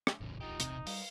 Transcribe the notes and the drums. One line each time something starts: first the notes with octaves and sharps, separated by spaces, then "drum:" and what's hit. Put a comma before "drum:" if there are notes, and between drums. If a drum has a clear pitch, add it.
drum: rim click
D1 A#1 E2 A2 C#3
D#4 F4 G4
C3, drum: hi-hat
G3 F5, drum: open hi-hat